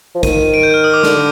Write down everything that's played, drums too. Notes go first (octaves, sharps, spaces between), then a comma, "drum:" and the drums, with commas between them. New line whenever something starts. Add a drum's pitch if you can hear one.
F3
D#3 D#7, drum: kick, hi-hat
D#7
D7
G6
F6
D#6
D6
D3, drum: snare